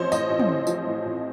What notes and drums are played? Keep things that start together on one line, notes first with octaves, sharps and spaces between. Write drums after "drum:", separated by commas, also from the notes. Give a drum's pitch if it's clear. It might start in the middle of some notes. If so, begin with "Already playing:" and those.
Already playing: A1 F3 C4 C5 C#5 D#5
A2 D#5, drum: tambourine
A1
drum: tom
C4
F3, drum: tambourine
A2
A1